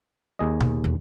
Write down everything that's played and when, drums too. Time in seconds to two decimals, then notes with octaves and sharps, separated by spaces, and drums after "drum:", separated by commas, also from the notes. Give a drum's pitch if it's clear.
0.39 D#2 G#4 D#5
0.60 B2, drum: tom B2
0.84 E2